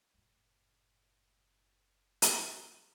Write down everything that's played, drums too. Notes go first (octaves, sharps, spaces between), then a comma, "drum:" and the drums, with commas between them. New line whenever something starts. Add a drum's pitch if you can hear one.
F#1 A2
drum: hi-hat